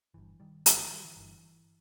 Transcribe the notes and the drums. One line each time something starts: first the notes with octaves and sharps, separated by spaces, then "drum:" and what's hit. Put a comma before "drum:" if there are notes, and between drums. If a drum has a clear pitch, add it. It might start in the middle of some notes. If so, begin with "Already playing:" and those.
G1 G2 E3
D#3 G3
G1 G2 D#3 G3, drum: hi-hat
E3 G#3
D#3 G3
E3
G1 G2 E3